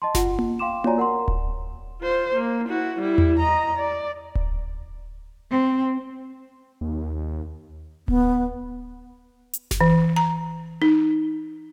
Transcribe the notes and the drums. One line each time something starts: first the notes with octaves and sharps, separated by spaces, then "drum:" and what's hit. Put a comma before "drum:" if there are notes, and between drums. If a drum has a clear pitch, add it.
D#5 A5 C6
F4 F#5, drum: snare F#1
drum: tom A#3
F5 G5 C6 D6 E7
F4 F#4 C#5 D5 G#5 A#5, drum: tom A#3
A#4 F#5 A#5 C6
drum: kick D1
F4 C5
A#3
E4 F#4
G3 E4
drum: tom E2
D#5 A#5
D5
drum: kick D1
C4
D#2
B3, drum: kick D1
drum: hi-hat
drum: snare F#1
E3
A#5
D#4